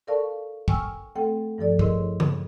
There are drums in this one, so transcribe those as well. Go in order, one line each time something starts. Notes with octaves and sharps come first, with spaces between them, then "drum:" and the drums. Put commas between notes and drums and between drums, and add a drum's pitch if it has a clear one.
A4 A#4 D5 F5 A5 C#6
G5 G#5 C#6 E6 F6, drum: kick
A3 C4 A4 F#5 G5
G2 F3 A4 D5
E4 G#4 A#4 C#5 D#5 C6, drum: kick
drum: tom